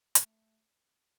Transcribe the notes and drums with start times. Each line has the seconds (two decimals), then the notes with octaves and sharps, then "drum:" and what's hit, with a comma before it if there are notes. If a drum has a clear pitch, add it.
0.15 A3, drum: hi-hat